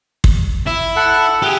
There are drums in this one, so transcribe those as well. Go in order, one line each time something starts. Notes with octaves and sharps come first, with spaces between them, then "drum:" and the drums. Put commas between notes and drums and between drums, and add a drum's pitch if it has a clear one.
drum: kick
E4
A4 F#5
G4 G#4